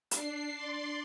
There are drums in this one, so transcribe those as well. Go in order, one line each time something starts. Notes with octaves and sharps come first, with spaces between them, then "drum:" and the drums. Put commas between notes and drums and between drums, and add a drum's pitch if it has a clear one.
D4 C7, drum: hi-hat
D5 C6